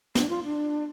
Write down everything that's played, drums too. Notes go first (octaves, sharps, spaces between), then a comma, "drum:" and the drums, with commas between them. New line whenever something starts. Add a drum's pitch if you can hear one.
D4, drum: snare
F4
D4